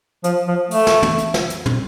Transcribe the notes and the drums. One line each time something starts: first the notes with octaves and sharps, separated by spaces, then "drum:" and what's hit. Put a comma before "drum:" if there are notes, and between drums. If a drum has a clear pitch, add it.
F3, drum: hi-hat
F3
A3, drum: open hi-hat
drum: snare
drum: tom
drum: hi-hat
drum: snare
drum: hi-hat
drum: tom